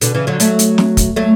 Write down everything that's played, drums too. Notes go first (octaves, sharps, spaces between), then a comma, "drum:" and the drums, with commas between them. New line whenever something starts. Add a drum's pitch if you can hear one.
B2 D3, drum: hi-hat
C#3 E3
D3 F#3
F#3 A3, drum: hi-hat
drum: hi-hat
drum: snare
drum: kick, hi-hat
F#3 A3